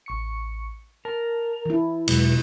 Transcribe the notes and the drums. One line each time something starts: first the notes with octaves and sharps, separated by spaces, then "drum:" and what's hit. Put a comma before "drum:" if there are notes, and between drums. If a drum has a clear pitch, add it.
A1 C#6 C#7
A#4 A5
E3 E4
E2 B2 F#3 G#3, drum: cymbal